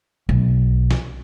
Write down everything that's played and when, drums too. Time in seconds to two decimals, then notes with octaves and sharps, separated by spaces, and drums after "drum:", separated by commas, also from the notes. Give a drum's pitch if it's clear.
0.29 B1, drum: kick B1
0.91 drum: snare